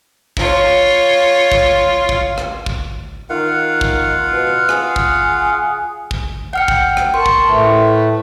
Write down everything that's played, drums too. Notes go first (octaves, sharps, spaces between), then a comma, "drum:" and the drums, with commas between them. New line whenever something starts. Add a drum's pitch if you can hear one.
F4 C#5, drum: kick
drum: kick
drum: kick
drum: rim click
drum: kick
D#3 F4 F5 F#5
drum: kick
B2
G#4, drum: rim click
drum: kick
drum: kick
F#5 G5 F6 C#7
drum: kick
drum: rim click
A#4 A5 C6 C#6
drum: kick
A2 A3 B4